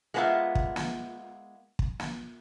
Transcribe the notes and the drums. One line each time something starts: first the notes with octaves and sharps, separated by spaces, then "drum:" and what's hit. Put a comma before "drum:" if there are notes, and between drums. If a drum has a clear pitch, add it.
G#3 A#3 B3 D4 F4 E5
drum: kick
drum: snare
drum: kick
drum: snare